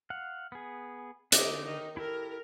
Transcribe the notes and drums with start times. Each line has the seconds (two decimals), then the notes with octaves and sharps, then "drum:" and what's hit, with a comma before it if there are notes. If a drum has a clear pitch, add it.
0.10 F5 F#5
0.52 B3 G#4
1.32 D3 D#4 D6, drum: hi-hat
1.64 D#3 D#4
1.97 E4 G4 A4 A#4